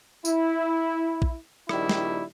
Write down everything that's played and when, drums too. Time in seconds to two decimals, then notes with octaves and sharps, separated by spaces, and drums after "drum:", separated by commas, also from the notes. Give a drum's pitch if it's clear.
0.25 E4, drum: tambourine
1.22 drum: kick A#1
1.69 A#1 A#2 D#3 G3 E4, drum: rim click
1.89 drum: snare